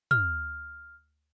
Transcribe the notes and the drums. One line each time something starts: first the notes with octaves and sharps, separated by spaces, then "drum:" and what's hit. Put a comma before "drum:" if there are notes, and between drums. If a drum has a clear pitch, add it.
F6, drum: tom